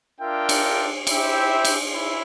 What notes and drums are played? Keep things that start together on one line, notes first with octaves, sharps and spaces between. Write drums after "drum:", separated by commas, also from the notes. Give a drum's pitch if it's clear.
D4 F4 A#4 E5 G5
drum: cymbal
E4 G4 C5 E5 G5, drum: cymbal
drum: cymbal
E4